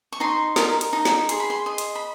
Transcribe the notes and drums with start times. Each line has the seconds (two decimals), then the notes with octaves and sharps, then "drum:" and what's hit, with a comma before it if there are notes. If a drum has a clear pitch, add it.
0.12 C#6
0.20 D#4 C6
0.56 A#4, drum: snare
0.81 drum: hi-hat
0.93 D#4
1.05 drum: snare
1.29 G#4 C6, drum: hi-hat
1.40 B5
1.50 C6
1.66 D#5 C6
1.78 drum: hi-hat
1.95 B5